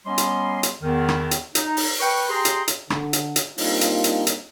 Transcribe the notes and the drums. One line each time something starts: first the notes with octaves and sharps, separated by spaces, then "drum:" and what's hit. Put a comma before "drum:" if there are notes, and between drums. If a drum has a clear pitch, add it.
F#3 G3 B3 C#4 D#5 C6
drum: hi-hat
drum: hi-hat
E2 D#3
drum: rim click
drum: hi-hat
D#4, drum: hi-hat
drum: open hi-hat
B4 G5 C#6
G4 G#4 G5 A#5 C6
drum: hi-hat
drum: hi-hat
D3, drum: rim click
drum: hi-hat
drum: hi-hat
G3 A#3 C4 D4 D#4 F4, drum: open hi-hat
drum: hi-hat
drum: hi-hat
drum: hi-hat